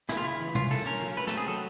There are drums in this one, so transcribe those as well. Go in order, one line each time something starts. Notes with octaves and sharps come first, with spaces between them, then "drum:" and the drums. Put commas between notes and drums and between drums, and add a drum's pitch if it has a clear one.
C#3 E4, drum: snare
F4
C#3 E4
E3
C#4 F4, drum: tom
A#3 A4, drum: cymbal
C#4 A#4
F#3
A3 B4
A4, drum: snare
C4
G#4
F#3 A4